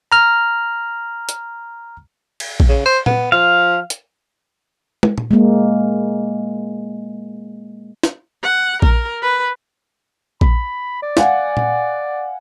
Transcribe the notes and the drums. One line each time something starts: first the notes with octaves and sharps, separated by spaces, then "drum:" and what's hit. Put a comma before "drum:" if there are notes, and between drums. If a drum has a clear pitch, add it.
A#5 F6
drum: hi-hat
drum: cymbal
drum: kick A#1
C#3
C5
B3, drum: tom A#2
F3 F5
drum: hi-hat
drum: tom
drum: tom A#2
G#3 A#3
drum: snare
F#5
A#4, drum: kick A#1
B4
B5, drum: kick A#1
D5
F5 F#5 G#5, drum: snare
drum: tom A#2